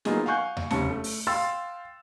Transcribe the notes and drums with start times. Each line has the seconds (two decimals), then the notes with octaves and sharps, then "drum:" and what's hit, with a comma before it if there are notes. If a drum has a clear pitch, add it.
0.05 F#3 A#3 B3 D#4 F4 G#4, drum: snare
0.26 F5 F#5 G#5 C#6 F#6 G6
0.57 drum: tom E2
0.71 F#1 C3 C#4 A5 C#7, drum: snare
0.90 A3
1.04 drum: open hi-hat
1.27 F5 G5 C6 E6 A6